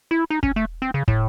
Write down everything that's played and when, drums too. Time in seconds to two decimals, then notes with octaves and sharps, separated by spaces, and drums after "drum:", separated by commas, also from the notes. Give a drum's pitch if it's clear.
0.11 E4
0.30 D#4
0.43 C#4, drum: kick
0.56 A3
0.82 C4
0.94 C#3
1.08 A2, drum: kick